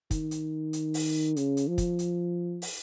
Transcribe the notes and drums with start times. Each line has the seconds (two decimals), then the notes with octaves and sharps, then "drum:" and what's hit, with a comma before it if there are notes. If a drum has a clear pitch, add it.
0.11 D#3, drum: kick, hi-hat
0.31 drum: hi-hat
0.73 drum: hi-hat
0.94 drum: open hi-hat
1.36 C#3, drum: hi-hat
1.57 drum: hi-hat
1.68 F3
1.78 drum: kick, hi-hat
1.99 drum: hi-hat
2.62 drum: open hi-hat